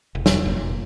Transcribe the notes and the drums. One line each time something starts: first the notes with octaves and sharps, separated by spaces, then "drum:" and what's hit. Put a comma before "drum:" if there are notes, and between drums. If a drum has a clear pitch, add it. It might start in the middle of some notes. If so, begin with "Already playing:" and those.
E1
drum: snare
F1 A#2